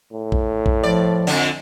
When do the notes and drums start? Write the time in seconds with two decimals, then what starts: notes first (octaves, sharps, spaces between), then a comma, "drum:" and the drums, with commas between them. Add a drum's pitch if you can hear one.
0.13 A2
0.32 drum: kick
0.66 drum: kick
0.83 F3 D5
1.27 F2 D3, drum: open hi-hat